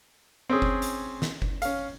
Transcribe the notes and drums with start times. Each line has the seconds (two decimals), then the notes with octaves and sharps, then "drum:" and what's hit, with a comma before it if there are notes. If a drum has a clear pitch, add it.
0.50 C4 C#4 G#4
0.62 drum: kick F#1
0.82 drum: hi-hat
1.22 drum: snare
1.42 drum: kick F#1
1.62 C#4 F5, drum: hi-hat